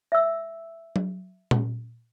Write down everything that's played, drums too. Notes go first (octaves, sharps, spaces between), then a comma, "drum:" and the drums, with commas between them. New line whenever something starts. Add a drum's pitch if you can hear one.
E5 E6
drum: tom F#3
drum: tom A#2